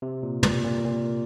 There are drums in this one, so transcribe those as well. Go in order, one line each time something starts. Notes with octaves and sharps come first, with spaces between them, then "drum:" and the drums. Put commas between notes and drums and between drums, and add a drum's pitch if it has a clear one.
C3
A#2
A#2, drum: tom
A#2
A#2